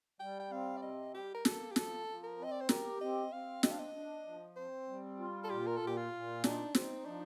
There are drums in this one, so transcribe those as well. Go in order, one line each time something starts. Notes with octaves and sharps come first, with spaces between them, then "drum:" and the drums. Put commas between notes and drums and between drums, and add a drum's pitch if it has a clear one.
G3 G5
G5
C4 F5
D5
C3 D#5
G3 G4
A#4
A#3 A4, drum: snare
G4
F3 A4, drum: snare
F3
A#4
C4 D#5
D5
C5
G4 A#4, drum: snare
C4 D#5
C4 F5
D4 D#5, drum: snare
F5
D#5
D4
F3
C4 C5
G3
F4
A4
A#2 G4
A#4
A4
A#2
G4
F4
A#2
D4 D#4, drum: snare
C4 D#4, drum: snare
F3 D4